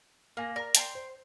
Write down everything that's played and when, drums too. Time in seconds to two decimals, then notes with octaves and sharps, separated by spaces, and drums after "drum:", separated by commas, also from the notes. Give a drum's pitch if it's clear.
0.37 A#3 A#4 G#5 A#6
0.56 A#4 D5 A#5
0.75 G5 A5 C6, drum: hi-hat
0.95 C5